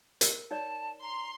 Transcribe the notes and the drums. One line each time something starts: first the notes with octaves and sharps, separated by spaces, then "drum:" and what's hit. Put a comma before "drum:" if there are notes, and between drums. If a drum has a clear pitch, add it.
A#4, drum: hi-hat
D#4 C#5 D5 A5
A#5 C6